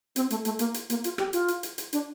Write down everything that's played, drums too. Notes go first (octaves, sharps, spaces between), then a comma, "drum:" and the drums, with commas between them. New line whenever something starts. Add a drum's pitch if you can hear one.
C4, drum: hi-hat
A3, drum: hi-hat
A3, drum: hi-hat
A#3, drum: hi-hat
drum: hi-hat
A#3, drum: hi-hat
F4, drum: hi-hat
G4, drum: rim click
F4, drum: hi-hat
drum: hi-hat
drum: hi-hat
drum: hi-hat
D4, drum: hi-hat